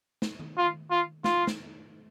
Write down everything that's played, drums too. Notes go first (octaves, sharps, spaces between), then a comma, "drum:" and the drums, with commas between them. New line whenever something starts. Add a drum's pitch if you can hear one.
drum: snare
drum: tom D#3
F4
F4
F4, drum: snare
drum: snare